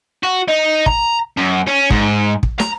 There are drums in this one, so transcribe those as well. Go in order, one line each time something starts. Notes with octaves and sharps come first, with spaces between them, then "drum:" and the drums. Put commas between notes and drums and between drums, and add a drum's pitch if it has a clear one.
F#4
D#4
A#5, drum: kick
F#2
C#4
G#2, drum: kick
drum: kick
A#5, drum: snare